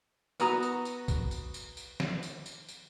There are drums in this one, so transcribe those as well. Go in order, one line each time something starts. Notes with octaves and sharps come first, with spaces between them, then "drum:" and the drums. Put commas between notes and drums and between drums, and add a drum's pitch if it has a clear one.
B3 F#4 A#5 D#6, drum: tambourine
drum: tambourine
drum: tambourine
drum: kick, tambourine
drum: tambourine
drum: tambourine
drum: tambourine
drum: snare
drum: tambourine
drum: tambourine
drum: tambourine